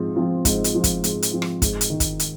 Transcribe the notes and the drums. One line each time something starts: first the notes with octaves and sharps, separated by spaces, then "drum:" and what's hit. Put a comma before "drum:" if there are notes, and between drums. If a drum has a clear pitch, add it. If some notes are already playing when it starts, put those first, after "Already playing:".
Already playing: G#2 F3 C4 F4
F3 C4 F4
G#2, drum: kick, hi-hat
drum: hi-hat
F3 C4 F4
drum: kick, hi-hat
G#2, drum: hi-hat
drum: hi-hat
F3 C4 F4
drum: rim click
G#2, drum: kick, hi-hat
drum: hi-hat
D#3 G#3
drum: kick, hi-hat
drum: hi-hat